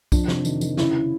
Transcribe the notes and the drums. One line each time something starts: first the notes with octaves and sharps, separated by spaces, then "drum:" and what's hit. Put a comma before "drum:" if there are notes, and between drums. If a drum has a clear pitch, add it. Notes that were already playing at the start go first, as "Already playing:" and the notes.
F2 D4, drum: kick B1, tambourine
C3, drum: snare
D#3, drum: tambourine
D#3, drum: tambourine
C#3 E4, drum: snare